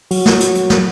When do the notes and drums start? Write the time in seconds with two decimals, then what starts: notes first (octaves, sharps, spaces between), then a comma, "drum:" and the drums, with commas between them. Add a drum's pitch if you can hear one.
0.11 F#3, drum: open hi-hat
0.26 drum: snare
0.40 drum: hi-hat
0.55 drum: hi-hat
0.70 drum: snare